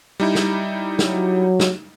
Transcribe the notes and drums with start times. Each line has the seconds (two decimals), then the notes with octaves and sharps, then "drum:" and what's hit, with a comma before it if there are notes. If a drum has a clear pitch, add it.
0.20 G3 D#4 E4
0.35 drum: snare
0.99 F#3, drum: snare
1.60 drum: snare